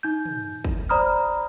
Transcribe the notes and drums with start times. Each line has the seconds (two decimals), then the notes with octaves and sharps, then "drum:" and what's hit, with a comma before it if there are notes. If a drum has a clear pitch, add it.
0.03 D#4 G6
0.25 drum: tom
0.65 drum: kick
0.89 C5 D5 A#5 B5 D#6 F6